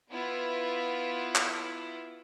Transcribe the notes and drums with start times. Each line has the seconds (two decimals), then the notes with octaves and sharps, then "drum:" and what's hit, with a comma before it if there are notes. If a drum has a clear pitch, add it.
0.10 B3 E4 F4
1.35 drum: clap